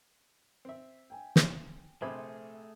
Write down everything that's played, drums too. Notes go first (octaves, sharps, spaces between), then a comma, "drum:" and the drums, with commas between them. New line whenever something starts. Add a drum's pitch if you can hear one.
C4 E5
G5 G#5
drum: snare
A#1 C3 A3 G#4 C5 B5 D6 G#6